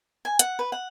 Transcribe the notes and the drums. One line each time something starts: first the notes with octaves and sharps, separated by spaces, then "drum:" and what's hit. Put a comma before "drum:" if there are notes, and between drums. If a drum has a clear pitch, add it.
G#5
F#5, drum: hi-hat
B4
F#5